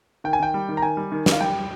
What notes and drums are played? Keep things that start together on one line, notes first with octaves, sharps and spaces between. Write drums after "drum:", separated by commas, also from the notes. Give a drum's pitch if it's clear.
D#3 G5
G#5
D#3 G5
G3
D#3
A#5
D#3 G#5
G3
D#3
D#3, drum: snare
F5
G3 G5